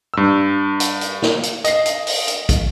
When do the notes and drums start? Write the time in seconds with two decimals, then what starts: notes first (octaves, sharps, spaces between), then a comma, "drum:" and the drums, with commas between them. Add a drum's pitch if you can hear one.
0.14 G2 E6
0.80 drum: hi-hat
1.01 drum: hi-hat
1.22 drum: snare
1.43 drum: hi-hat
1.64 D#5 C7, drum: hi-hat
1.86 drum: hi-hat
2.07 drum: open hi-hat
2.28 drum: hi-hat
2.49 drum: kick, hi-hat